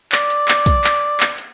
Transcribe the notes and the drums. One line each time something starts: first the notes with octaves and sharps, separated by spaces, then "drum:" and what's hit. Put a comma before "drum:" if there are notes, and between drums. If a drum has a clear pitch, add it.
D5, drum: clap
drum: hi-hat
drum: clap
drum: kick, hi-hat
drum: clap
drum: clap
drum: hi-hat